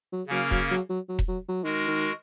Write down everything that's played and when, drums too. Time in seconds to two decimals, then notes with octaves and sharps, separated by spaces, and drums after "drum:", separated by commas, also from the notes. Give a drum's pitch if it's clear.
0.13 F#3
0.27 C#3 F#3 A#3 C#4 A#4
0.51 F#3, drum: kick E1
0.71 F#3
0.90 F#3
1.09 F#3
1.19 drum: kick E1
1.28 F#3
1.48 F#3
1.64 D#3 G#3 F#4 A#4
1.88 D#3